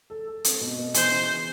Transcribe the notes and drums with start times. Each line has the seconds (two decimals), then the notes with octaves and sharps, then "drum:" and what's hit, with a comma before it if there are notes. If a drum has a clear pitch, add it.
0.10 A4
0.28 A4
0.44 C4, drum: hi-hat
0.60 B2
0.78 B2
0.94 E3 C5, drum: hi-hat
1.11 C#3